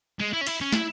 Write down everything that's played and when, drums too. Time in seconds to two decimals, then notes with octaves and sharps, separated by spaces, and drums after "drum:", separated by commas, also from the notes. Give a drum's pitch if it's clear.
0.20 G#3
0.33 E4
0.41 C#4
0.47 E4, drum: cymbal
0.61 C#4
0.72 E4, drum: snare